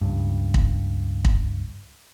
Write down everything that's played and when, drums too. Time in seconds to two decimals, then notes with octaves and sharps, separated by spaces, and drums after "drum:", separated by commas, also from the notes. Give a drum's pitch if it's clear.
0.01 C#2 G2
0.54 drum: kick
1.25 drum: kick